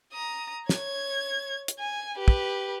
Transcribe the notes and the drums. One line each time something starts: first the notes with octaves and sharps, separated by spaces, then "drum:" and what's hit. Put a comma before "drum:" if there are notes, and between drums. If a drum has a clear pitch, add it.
A#5 D#6
C#5 G#6, drum: snare
drum: hi-hat
G#5
G4 B4
drum: kick